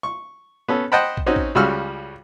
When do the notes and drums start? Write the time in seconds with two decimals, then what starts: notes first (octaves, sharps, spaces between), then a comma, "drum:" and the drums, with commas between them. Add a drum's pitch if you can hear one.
0.03 C#6
0.68 B3 C#4 A4
0.92 C5 D#5 F#5 G5 A5 B5
1.17 drum: kick
1.26 C4 C#4 D#4 F#4
1.36 drum: kick
1.55 C#2 C#3 G3 F#4 E6 F6